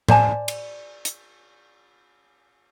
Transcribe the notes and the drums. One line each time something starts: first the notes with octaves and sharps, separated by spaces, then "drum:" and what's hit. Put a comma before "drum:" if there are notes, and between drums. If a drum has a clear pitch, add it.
C5 D5 G#5 A5, drum: tom A2
drum: cymbal
drum: hi-hat